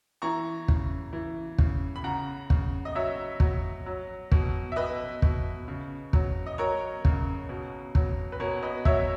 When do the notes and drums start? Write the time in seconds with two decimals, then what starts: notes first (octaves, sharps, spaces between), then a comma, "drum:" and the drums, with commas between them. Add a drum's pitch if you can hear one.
0.22 E3 A#5 C#6
0.68 C#3, drum: kick
1.13 E3
1.58 C#3, drum: kick
1.96 B5
2.04 C#3 F#5 A#5
2.50 C#3, drum: kick
2.85 D#5
2.95 F#3 C#5 E5
3.40 F#3, drum: kick
3.86 F#3
4.32 B2, drum: kick
4.72 E5
4.76 B2 B4 D#5
5.22 B2, drum: kick
5.68 C#3
6.13 F#3, drum: kick
6.46 D#5
6.58 F#3 A#4 C#5
7.05 C#3, drum: kick
7.49 B2
7.95 F#3, drum: kick
8.32 B4
8.40 B2 A#4 C#5
8.63 B4 D#5
8.85 F#3 C#5 E5, drum: kick